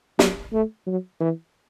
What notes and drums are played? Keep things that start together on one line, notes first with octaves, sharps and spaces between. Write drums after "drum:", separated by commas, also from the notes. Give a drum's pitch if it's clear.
F#3, drum: snare
A3
F#3
E3